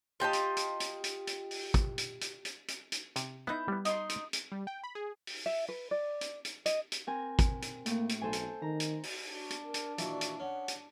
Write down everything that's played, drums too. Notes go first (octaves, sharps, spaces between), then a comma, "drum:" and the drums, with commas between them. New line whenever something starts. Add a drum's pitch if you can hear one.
F4 G4 D#5 A5
drum: hi-hat
drum: hi-hat
drum: hi-hat
drum: hi-hat
drum: hi-hat
drum: open hi-hat
drum: kick, hi-hat
drum: hi-hat
drum: hi-hat
drum: hi-hat
drum: hi-hat
drum: hi-hat
C3, drum: hi-hat
B3 D#4 E4 G6
G3 B3
D#4 C6, drum: hi-hat
drum: hi-hat
drum: hi-hat
G3
G5
B5
G#4
drum: open hi-hat
E5
B4
D5
drum: hi-hat
drum: hi-hat
D#5, drum: hi-hat
drum: hi-hat
C4 A#4 G#5
drum: kick, hi-hat
drum: hi-hat
A2 A#3, drum: hi-hat
drum: hi-hat
B1 A4 C5 G#5
drum: hi-hat
D#3 A#5
drum: hi-hat
drum: open hi-hat
D4 F#4
drum: hi-hat
A#4
drum: hi-hat
A#2 D#3 E3 F#4, drum: hi-hat
drum: hi-hat
C#4 F#5
drum: hi-hat